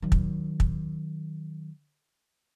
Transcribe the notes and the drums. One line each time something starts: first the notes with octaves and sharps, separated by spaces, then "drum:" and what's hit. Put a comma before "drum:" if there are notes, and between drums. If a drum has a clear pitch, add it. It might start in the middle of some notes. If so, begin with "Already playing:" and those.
D#3 F#3
drum: kick
drum: kick